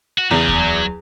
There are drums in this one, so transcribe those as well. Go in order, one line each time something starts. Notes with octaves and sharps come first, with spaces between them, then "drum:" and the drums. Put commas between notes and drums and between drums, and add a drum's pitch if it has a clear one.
F#4
E2 C#3 G#4
drum: kick D2
F#3